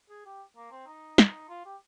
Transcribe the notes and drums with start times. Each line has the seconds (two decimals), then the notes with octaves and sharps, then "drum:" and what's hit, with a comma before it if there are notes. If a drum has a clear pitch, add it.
0.09 G#4
0.25 G4
0.57 A#3
0.71 C4
0.87 D#4
1.18 drum: snare
1.49 F4
1.65 G4